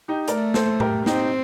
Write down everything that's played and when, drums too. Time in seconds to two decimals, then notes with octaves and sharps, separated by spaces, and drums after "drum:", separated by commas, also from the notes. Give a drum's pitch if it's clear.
0.08 D#4 G4
0.28 A3 A#4 D5, drum: hi-hat
0.54 A4 C5, drum: snare
0.80 G4 A#4, drum: tom A2
1.06 C4 D#4 G4, drum: snare